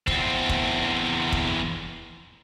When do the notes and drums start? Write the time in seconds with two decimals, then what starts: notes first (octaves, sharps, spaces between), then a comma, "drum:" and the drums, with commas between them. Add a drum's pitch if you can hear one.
0.08 E2 C4, drum: kick
0.49 drum: kick
1.32 drum: kick